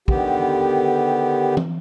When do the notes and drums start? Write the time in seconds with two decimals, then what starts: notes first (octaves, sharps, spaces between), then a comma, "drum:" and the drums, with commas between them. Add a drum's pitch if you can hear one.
0.08 D3 D#3 B3 G4, drum: kick
1.57 drum: tom E3